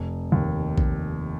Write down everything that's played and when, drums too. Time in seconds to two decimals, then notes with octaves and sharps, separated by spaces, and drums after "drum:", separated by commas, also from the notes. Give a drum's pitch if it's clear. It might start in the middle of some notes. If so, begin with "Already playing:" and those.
Already playing: F1
0.32 D#2
0.78 drum: kick A#1